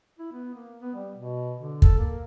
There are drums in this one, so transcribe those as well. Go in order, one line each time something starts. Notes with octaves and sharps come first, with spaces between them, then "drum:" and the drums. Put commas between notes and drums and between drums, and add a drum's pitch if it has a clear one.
E4
B3
A#3
B3
G3
B2
D3
A4, drum: kick
A#3